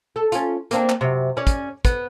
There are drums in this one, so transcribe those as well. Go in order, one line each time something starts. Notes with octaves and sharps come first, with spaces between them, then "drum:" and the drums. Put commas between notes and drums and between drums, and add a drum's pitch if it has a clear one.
A4
C#4 F4, drum: hi-hat
A#3 C4 D4, drum: hi-hat
drum: clap
F#2 C3
C#4 D5
drum: kick, hi-hat
B3, drum: kick, hi-hat